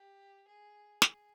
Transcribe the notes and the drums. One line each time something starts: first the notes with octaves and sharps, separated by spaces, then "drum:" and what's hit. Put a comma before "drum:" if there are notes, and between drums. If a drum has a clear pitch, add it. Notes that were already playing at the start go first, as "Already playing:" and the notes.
Already playing: G4
G#4
G#4, drum: snare